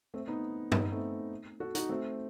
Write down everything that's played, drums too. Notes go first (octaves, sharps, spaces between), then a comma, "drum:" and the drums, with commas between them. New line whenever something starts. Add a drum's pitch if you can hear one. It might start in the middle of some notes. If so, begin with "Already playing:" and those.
A3 C4
B3 D#4
B3 D#4, drum: tom G2
B3 D#4
A3 C4
F#4 A4
D#4 F#4, drum: hi-hat
A3 C4